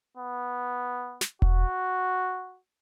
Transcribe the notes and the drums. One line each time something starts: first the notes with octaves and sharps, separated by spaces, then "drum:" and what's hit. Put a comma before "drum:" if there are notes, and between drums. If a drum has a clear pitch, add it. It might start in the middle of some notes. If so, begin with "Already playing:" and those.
B3
drum: snare
F#4, drum: kick E1